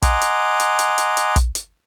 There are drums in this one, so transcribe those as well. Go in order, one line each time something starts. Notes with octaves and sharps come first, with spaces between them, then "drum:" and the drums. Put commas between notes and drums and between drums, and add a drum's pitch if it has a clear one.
D#5 F#5 G#5 A#5 C6 D6, drum: kick, hi-hat
drum: hi-hat
drum: hi-hat
drum: hi-hat
drum: hi-hat
drum: hi-hat
drum: kick, hi-hat
drum: hi-hat